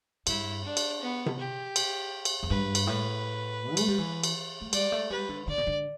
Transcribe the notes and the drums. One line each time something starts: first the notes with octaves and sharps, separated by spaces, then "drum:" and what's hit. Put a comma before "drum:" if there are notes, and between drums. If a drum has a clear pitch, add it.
G2 E4, drum: cymbal
D4
drum: cymbal
B3
drum: tom C3
G4
drum: cymbal
drum: cymbal
E2
G2 B4
drum: cymbal
A2 B4
A3, drum: cymbal
G3
E3
drum: cymbal
A3
G3 D5, drum: cymbal
A3
G3 B4
D3
D3 D5
B2
D3